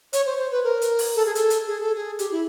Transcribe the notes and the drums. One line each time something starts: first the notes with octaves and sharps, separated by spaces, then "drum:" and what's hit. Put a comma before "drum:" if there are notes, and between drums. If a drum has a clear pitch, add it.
C#5, drum: hi-hat
C5
C5
B4
A#4
drum: hi-hat
drum: open hi-hat
A4
G#4
A4, drum: hi-hat
drum: hi-hat
G#4
A4
G#4
G4, drum: hi-hat
E4